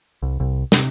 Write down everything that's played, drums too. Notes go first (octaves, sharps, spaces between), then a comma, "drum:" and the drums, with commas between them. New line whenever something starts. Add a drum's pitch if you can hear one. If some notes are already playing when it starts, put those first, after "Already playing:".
C2
C2
C3, drum: snare